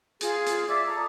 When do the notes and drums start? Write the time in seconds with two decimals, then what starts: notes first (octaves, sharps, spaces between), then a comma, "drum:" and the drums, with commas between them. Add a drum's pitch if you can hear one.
0.21 F4 G#4, drum: hi-hat
0.46 drum: hi-hat
0.67 D5 E5 D6 E6
0.87 A4 A#5 D#6